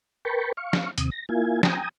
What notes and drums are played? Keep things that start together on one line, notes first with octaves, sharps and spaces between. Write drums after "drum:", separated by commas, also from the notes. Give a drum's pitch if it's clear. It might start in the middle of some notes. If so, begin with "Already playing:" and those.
A#4 B4 G5 A5 B5 C#6
F5 C#6
drum: snare
D#2 C3 D#6, drum: hi-hat
A#6
A#3 E4 F4 G#5
G5 G#5 A#5 D#6, drum: snare